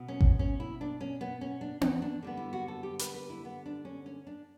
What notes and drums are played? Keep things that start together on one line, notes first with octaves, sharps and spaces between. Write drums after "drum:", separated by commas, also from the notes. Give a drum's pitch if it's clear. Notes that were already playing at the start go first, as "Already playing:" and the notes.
Already playing: B2
C#4
drum: kick G#1
C#4
E4
D4
C#4
B3
C#4
D4
C#4, drum: tom B3
D4
D3 G3 B3
E4
F#4
A4
G4
B4, drum: hi-hat
B4
E4
B3
D4
C#4
C#4
D4